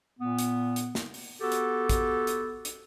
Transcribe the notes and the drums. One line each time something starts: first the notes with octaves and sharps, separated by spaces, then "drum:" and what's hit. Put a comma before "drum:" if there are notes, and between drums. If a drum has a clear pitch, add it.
A#2 B3
drum: hi-hat
drum: hi-hat
drum: snare
drum: open hi-hat
B3 F#4 G4 A4
drum: hi-hat
drum: kick, hi-hat
drum: hi-hat
drum: hi-hat